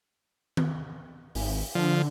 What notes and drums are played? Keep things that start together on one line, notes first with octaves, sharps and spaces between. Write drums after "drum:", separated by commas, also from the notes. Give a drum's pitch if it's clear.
drum: tom D#3
G#1, drum: open hi-hat
D3 F3